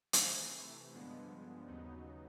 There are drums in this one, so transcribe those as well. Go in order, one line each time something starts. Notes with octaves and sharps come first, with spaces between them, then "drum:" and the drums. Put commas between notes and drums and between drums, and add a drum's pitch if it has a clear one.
drum: hi-hat
C3 E3 A3
G2 D3 F3 G#3 B3
D#2 C#3 F#3 B3 D#4